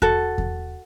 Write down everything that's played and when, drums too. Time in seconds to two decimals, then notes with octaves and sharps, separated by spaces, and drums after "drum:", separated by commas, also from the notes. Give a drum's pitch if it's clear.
0.02 F#4 A4, drum: kick E2
0.38 drum: kick E2